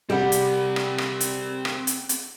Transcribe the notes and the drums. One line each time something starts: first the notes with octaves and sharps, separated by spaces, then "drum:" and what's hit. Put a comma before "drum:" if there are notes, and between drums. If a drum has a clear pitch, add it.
C3 G3 C4 G4 G#4 D5 F#5 B5
drum: hi-hat
drum: rim click
drum: rim click
drum: hi-hat
drum: rim click
drum: hi-hat
drum: hi-hat